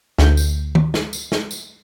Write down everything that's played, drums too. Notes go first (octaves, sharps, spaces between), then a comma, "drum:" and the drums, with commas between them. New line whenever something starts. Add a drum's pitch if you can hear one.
D2 G6, drum: snare
drum: tambourine
drum: tom
drum: snare
drum: tambourine
drum: snare
drum: tambourine